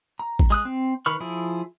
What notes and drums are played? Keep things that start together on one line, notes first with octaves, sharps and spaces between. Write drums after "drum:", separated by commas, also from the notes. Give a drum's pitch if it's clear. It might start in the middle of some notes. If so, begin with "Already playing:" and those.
A#5
drum: kick A1
G#3 D#6 F#6
C4
D#3 B4 B5 C#6 F6
F3 E4 G#4